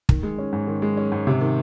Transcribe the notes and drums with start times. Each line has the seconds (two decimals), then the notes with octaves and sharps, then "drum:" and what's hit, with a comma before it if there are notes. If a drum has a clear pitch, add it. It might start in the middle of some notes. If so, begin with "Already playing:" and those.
0.09 D#3, drum: kick
0.23 G#3
0.39 C#4
0.53 G#2
0.67 D#3
0.82 G#3
0.97 C#4
1.12 G#2
1.27 C3
1.41 D#3